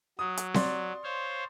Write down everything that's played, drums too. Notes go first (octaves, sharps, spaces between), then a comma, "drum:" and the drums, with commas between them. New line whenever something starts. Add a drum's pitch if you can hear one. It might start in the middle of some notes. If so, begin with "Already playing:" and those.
F#3 D#6
drum: hi-hat
D5 C6, drum: snare C4
C5 C#5 F5